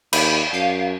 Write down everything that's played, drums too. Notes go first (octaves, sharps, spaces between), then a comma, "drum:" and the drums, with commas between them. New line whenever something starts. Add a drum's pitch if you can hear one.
D#2 B5, drum: cymbal
F#2 F5